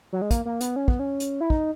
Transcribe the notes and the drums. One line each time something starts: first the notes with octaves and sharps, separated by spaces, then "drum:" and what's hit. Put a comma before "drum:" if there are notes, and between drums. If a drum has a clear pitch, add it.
F#3
G#3
A#3, drum: kick, hi-hat
A#3
B3, drum: hi-hat
C#4
B3, drum: kick
C#4
drum: hi-hat
E4
D#4, drum: kick